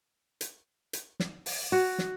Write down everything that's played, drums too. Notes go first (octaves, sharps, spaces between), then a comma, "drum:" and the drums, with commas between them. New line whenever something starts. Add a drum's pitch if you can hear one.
drum: hi-hat
drum: hi-hat
drum: snare
drum: open hi-hat
F#4
drum: snare